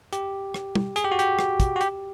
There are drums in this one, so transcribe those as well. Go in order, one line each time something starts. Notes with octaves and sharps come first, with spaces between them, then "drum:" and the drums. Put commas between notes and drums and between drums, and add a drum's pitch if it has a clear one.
G4, drum: hi-hat
drum: rim click
drum: tom
G#4, drum: hi-hat
G4
F#4
G4, drum: hi-hat
drum: rim click
drum: kick, hi-hat
F#4
G4, drum: hi-hat